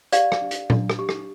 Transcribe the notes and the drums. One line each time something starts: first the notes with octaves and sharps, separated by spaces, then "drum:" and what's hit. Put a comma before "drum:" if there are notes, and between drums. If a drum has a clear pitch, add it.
G4 D5 F5, drum: hi-hat
drum: rim click
D4
drum: hi-hat
D4, drum: tom A#2
drum: rim click
G4
drum: rim click